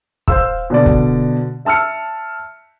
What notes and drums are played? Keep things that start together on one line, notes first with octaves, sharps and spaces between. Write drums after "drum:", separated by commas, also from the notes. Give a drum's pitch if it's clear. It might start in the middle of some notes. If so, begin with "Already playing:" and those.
C5 F5 E6, drum: kick
B2 D3 D5
drum: kick
E5 A5 E6 F6 C#7